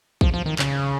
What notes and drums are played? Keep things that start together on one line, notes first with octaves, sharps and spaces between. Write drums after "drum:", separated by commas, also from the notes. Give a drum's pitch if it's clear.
F3, drum: kick
F3
D#3
C#3, drum: clap